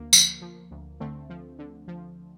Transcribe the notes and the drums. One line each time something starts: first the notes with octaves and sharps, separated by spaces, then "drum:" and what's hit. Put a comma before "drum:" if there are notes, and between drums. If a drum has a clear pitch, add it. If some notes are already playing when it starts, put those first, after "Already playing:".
Already playing: D2 A#3
F3, drum: tambourine
F3
D2
D3 A3 C4
F3
D3
F3